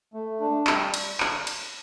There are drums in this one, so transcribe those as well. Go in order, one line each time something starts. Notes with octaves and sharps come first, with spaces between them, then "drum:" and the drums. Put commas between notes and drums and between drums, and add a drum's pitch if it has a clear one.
A3
D4
G3, drum: clap
drum: cymbal
drum: clap
drum: cymbal